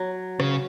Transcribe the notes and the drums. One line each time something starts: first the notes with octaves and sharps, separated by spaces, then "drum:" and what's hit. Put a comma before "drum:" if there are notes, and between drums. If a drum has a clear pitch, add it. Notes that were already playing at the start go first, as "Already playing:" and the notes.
Already playing: F#3
C#3, drum: rim click